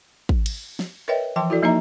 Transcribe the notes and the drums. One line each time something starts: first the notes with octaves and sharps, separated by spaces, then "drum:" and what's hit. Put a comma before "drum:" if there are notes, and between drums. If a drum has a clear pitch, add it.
drum: kick
drum: cymbal
drum: snare
A#4 B4 C#5 D#5 E5 G5
E3 F3 G5 A5 C6
E4 F#4 A4 D5
F3 A#3 D#4 D#5 E5 A#5